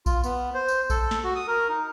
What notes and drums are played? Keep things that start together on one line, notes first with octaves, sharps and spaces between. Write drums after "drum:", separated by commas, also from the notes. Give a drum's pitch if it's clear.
F4, drum: kick A#1, tambourine
B3, drum: tambourine
C5
drum: tambourine
A4, drum: kick A#1, tambourine
drum: snare
F#4
D#6
A#4
D#4